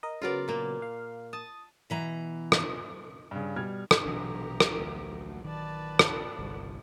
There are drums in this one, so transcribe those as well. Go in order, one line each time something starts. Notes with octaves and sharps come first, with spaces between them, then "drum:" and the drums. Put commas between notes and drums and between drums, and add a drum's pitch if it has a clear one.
A#4 D#5
C#3 F#3 B3 F4 A#4 D5
A#2 A#3
F5
A5 D#6
B2 E3 A#5
drum: rim click
G2 C#3
B2 G3 F6 G#6
drum: rim click
A#1 B2 E3 F#3 D4 G4 A#5
drum: rim click
D2
D#3 B4 D5 A5
drum: rim click
G1 C2